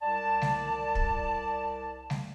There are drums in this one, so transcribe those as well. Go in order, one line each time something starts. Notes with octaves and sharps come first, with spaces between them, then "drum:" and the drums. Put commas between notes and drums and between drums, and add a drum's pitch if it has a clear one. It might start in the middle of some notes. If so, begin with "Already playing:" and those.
C2 D5 A5
drum: snare G3
drum: kick
drum: snare G3